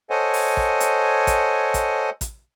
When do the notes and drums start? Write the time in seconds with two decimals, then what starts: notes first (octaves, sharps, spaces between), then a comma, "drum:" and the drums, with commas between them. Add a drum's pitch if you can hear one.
0.10 A4 C5 C#5 D#5 F#5 G#5
0.34 drum: open hi-hat
0.57 drum: kick
0.80 drum: hi-hat
1.27 drum: kick, hi-hat
1.74 drum: kick, hi-hat
2.21 drum: kick, hi-hat